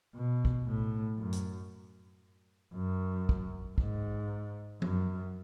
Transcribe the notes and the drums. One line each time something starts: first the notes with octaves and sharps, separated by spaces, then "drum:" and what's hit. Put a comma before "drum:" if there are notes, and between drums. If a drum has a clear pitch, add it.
B2
drum: kick
A2
F#2
drum: hi-hat
F#2
drum: kick
G#2, drum: kick
F#2, drum: tom F3